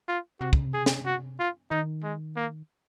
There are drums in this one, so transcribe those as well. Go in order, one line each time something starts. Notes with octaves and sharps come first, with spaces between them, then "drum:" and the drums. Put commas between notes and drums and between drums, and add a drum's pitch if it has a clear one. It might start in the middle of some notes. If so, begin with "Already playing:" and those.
F4
C3 F#4
C#3, drum: kick
C3
G#4
drum: snare
F#4
F4
D#3 D#4
G#3
A#3